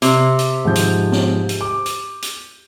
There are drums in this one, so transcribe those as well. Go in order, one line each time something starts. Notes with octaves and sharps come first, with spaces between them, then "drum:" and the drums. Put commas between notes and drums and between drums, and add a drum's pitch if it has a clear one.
C3, drum: hi-hat
drum: hi-hat
G#2 F3 G6
drum: hi-hat
drum: snare
drum: hi-hat
D6
drum: hi-hat
drum: hi-hat